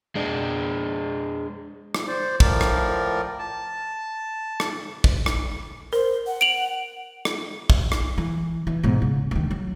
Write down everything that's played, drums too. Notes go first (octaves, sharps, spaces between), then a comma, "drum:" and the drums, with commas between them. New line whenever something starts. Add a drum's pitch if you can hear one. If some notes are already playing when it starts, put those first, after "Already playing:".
G#3 D4
drum: rim click
C5 D5
A2 F3 A#4 D5, drum: kick
drum: rim click
A5
drum: rim click
drum: kick
drum: rim click
A#4 C5
F#5
D7 F7 F#7
drum: rim click
drum: kick
drum: rim click
E3
E3
G#2 B2
C#3
D2 D#3
F#3